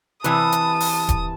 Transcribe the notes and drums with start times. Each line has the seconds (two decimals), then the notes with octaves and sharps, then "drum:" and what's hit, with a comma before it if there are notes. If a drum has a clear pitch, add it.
0.24 C3 E3 B4 A5 D#6, drum: hi-hat
0.52 drum: hi-hat
0.80 drum: open hi-hat
1.09 drum: kick D#1, hi-hat